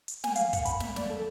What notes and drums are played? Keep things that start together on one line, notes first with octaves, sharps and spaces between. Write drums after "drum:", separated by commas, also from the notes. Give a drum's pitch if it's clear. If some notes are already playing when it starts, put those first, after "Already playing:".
drum: hi-hat
G#5, drum: snare
F5, drum: hi-hat
F#5, drum: kick, hi-hat
B5, drum: hi-hat
E5, drum: snare
D5, drum: snare
A4